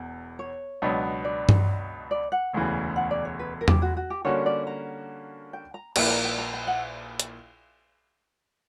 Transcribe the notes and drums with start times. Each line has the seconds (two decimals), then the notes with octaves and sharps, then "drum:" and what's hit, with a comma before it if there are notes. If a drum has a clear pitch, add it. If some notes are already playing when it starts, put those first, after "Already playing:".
Already playing: E1 E2
0.39 C#5
0.82 C#2 B2 F#3 B3 D4
1.25 D5
1.49 drum: tom G2
2.11 D5
2.32 F#5
2.53 E1 D2 C#3 E3
2.96 F#5
3.11 D5
3.25 C#5
3.39 B4
3.61 A#4
3.68 G4, drum: tom E2
3.82 F#4
3.97 F#4
4.10 G4
4.25 D3 G3 A#3 C#4 F#4 C#5
4.46 D5
4.67 A#5
5.53 G5
5.74 A#5
5.96 A#1 A#2 A#3 E4 G5, drum: cymbal
6.10 A#5
6.25 G5
6.39 A#5
6.53 G5
6.67 F#5
7.20 drum: hi-hat